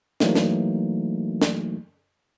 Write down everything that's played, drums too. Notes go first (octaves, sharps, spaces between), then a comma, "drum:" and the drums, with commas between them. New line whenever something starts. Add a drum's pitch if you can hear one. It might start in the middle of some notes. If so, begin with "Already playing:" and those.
E3 F#3 A3 A#3 D#4, drum: snare
drum: snare
drum: snare